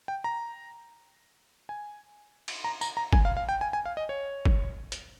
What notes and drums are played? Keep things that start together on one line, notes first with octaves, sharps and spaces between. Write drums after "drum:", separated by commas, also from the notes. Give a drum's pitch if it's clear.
G5
A#5
G#5
drum: cymbal
A#5
A#5, drum: tambourine
A#5
G#5, drum: kick
F5
F5
G5
G#5
G#5
F5
D#5
C#5
drum: kick
drum: hi-hat